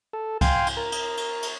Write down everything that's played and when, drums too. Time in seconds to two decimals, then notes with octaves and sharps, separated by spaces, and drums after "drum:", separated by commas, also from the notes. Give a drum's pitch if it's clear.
0.13 A4
0.41 F5 G5 G#5 C6, drum: kick C2, cymbal
0.67 drum: cymbal
0.77 A#4
0.92 drum: cymbal
1.17 drum: cymbal
1.43 drum: cymbal